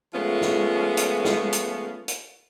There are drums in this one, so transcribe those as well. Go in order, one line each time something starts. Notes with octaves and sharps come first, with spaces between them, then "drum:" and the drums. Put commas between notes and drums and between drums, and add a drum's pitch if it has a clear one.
F3 G#3 A3 B3 C#4 F4
drum: snare
drum: hi-hat
drum: snare
drum: hi-hat
drum: hi-hat